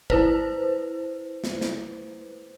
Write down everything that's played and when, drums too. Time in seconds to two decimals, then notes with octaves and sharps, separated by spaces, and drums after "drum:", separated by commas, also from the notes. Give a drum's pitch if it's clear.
0.10 E4 B4 C5, drum: kick
1.44 drum: snare
1.61 drum: snare